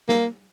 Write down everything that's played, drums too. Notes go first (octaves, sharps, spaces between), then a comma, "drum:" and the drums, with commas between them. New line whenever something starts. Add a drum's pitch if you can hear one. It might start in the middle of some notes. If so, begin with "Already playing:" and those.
A#3, drum: snare